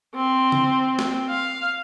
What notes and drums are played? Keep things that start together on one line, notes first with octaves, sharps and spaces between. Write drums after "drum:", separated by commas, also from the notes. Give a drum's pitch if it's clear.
C4
drum: tom C#3
drum: snare
F5